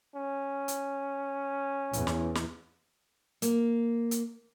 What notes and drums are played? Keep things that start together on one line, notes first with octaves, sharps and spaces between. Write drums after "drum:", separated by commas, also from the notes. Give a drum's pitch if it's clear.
C#4
drum: hi-hat
E2, drum: hi-hat
drum: snare
drum: snare
A#3, drum: hi-hat
drum: hi-hat